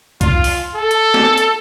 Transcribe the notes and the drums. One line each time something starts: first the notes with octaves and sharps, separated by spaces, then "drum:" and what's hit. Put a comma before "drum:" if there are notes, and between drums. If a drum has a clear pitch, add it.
F4, drum: kick C2, hi-hat
drum: open hi-hat
A4
drum: hi-hat
drum: snare
drum: hi-hat